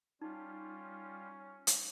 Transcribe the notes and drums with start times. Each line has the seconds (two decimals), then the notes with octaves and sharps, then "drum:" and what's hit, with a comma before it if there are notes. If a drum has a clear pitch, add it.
0.22 G3 C#4 D#4 F4
1.67 drum: hi-hat